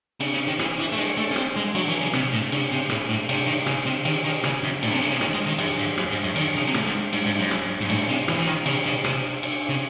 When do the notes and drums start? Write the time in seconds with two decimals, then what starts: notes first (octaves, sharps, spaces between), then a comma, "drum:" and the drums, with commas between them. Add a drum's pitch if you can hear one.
0.21 C#3, drum: cymbal
0.34 C#3
0.47 D#3
0.59 E3, drum: rim click
0.79 E3
0.92 A3
0.98 G#3, drum: cymbal
1.17 A3
1.31 C#4
1.36 C4, drum: rim click
1.56 G#3
1.75 F#3, drum: cymbal
1.88 E3
2.01 C#3
2.13 C3, drum: rim click
2.32 A2
2.52 C#3, drum: cymbal
2.71 C3
2.90 A2, drum: rim click
3.09 A2
3.29 C3, drum: cymbal
3.47 D#3
3.66 C#3, drum: rim click
3.86 C3
4.05 D#3, drum: cymbal
4.24 D#3
4.44 C#3, drum: rim click
4.63 F#2
4.83 A2, drum: cymbal
4.92 C3
5.01 C#3
5.11 C#3
5.21 D#3, drum: rim click
5.33 G#3
5.46 D#3
5.59 F#2, drum: cymbal
5.79 G#2
5.98 F#2, drum: rim click
6.11 G#2
6.23 F#2
6.36 D#3, drum: cymbal
6.56 C#3
6.68 C3
6.74 A2, drum: rim click
6.87 G#2
7.13 G#2, drum: cymbal
7.26 G#2
7.39 F#2
7.51 drum: rim click
7.81 G#2
7.90 A2, drum: cymbal
8.08 C3
8.28 E3, drum: rim click
8.38 E3
8.47 D#3
8.66 C#3, drum: cymbal
8.86 C#3
9.04 C3, drum: rim click
9.43 drum: cymbal
9.69 C#3